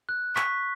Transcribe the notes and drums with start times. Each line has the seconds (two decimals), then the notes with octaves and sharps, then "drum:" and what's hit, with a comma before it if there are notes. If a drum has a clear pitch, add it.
0.09 F#6
0.36 C#6 B6, drum: clap